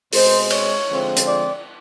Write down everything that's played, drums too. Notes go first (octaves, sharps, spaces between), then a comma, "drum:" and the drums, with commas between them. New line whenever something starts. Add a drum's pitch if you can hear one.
B2 G#3 C4 C5, drum: open hi-hat
C#5, drum: cymbal
D3 F3 G#3 C4
drum: hi-hat
D5